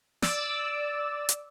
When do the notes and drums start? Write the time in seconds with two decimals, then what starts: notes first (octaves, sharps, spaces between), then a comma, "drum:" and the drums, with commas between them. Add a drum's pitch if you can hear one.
0.22 D5 E6, drum: snare
1.29 drum: hi-hat